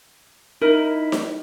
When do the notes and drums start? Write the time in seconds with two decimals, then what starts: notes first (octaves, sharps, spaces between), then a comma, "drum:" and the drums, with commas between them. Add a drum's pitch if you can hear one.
0.62 D#4 E4 A#4
1.12 drum: snare D#4